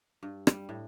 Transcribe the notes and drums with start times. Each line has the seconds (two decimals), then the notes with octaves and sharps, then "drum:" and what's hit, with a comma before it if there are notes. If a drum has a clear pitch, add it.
0.23 G2
0.47 G3, drum: rim click
0.69 A2